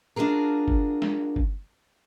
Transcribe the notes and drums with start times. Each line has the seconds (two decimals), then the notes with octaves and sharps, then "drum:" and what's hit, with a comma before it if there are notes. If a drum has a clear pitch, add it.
0.16 D4 F4 F#4 G#4 A#4
0.68 drum: kick G1
1.02 drum: snare
1.36 drum: kick G1